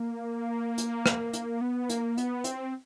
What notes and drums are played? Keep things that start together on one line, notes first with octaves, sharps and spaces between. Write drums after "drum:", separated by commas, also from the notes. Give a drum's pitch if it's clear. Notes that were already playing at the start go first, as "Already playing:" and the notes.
Already playing: A#3
drum: hi-hat
drum: rim click
drum: hi-hat
B3
A#3, drum: hi-hat
B3, drum: hi-hat
C4, drum: hi-hat